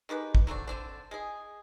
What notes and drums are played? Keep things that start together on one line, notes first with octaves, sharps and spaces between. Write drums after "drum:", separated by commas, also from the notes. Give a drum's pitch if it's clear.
D#3 G#3 G4 B4
drum: kick
F#3 A3 C4 D4
D3 C4 D4
G#3 G#4